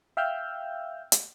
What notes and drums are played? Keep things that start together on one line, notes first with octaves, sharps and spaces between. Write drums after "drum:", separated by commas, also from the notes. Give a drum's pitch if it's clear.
E5 F5 G5 E6 F6 G6
drum: hi-hat